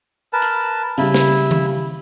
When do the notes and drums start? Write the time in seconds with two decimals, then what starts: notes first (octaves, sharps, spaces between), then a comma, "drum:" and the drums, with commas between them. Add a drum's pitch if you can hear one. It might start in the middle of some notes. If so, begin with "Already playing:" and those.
0.33 A#4 B4 A5
0.42 drum: hi-hat
0.98 C#3 G3 E4, drum: open hi-hat
1.14 drum: snare
1.51 drum: tom D#3